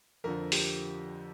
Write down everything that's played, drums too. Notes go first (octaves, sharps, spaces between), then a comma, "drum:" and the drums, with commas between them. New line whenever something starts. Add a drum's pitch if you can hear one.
F2 D3 F3 A#4
G4, drum: open hi-hat